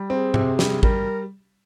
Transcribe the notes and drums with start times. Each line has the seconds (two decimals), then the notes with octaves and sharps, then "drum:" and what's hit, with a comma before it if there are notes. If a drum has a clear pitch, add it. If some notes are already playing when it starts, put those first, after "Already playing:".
Already playing: G3
0.10 C4 G#4
0.34 C3, drum: tom G#2
0.59 G3, drum: snare
0.83 G3 A#4, drum: kick